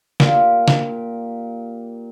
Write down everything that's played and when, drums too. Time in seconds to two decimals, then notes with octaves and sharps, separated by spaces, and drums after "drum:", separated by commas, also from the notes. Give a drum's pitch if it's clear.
0.20 A#2 G4 A#4, drum: snare
0.68 drum: snare